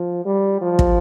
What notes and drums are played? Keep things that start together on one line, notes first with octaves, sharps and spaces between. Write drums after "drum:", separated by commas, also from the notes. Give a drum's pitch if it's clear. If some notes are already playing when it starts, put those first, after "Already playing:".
Already playing: F3
G3
F3
drum: kick